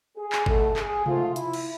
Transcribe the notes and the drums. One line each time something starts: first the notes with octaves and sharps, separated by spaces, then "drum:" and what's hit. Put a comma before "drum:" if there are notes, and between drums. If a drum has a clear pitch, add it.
G#4
drum: clap
B1 B2 A3 A4, drum: kick
G#4, drum: clap
G#2 F3 A3 F4, drum: tom C3
E4, drum: hi-hat
drum: cymbal